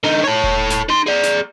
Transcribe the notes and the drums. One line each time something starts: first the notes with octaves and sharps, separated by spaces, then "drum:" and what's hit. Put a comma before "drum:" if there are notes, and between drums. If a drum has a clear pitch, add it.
D3 D#4
A4 C#5
drum: kick E1
drum: snare
D#4 C6
G#4 D5
drum: snare